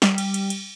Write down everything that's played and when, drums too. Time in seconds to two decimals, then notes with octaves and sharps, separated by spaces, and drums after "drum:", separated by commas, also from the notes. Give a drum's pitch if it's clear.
0.02 G3, drum: snare
0.18 drum: cymbal
0.34 drum: cymbal
0.50 drum: cymbal